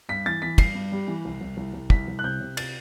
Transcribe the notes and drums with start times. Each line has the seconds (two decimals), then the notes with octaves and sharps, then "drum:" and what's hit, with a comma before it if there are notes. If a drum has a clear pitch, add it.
0.09 G2 B6
0.26 E3 A6
0.42 E3 B6
0.58 G2 C7, drum: kick, cymbal
0.75 G2
0.92 G3
1.08 E3
1.25 C2
1.41 C2
1.57 C2
1.74 C2
1.90 C2 B6, drum: kick
2.08 C2
2.19 F#6
2.24 C3 G6
2.41 C3
2.57 A6, drum: cymbal